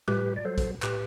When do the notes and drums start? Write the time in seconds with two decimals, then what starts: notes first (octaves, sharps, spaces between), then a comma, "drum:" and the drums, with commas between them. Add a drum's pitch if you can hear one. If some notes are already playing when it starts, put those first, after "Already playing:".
0.08 A2 G4 B4, drum: tom G3
0.36 D5
0.45 F#3 A4 C5
0.58 drum: kick A#1, hi-hat
0.82 A2 G4 B4, drum: clap